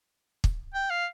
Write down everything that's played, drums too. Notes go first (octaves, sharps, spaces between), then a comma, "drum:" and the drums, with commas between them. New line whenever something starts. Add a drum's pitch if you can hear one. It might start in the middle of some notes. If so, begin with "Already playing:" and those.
drum: kick
G5
F5